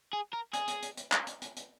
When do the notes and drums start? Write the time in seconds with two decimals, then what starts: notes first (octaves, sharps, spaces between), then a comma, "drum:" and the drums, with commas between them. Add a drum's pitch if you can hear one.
0.13 G#4
0.33 A#4
0.53 G#4, drum: hi-hat
0.68 drum: hi-hat
0.82 drum: hi-hat
0.97 drum: hi-hat
1.12 drum: clap
1.27 drum: hi-hat
1.42 drum: hi-hat
1.56 drum: hi-hat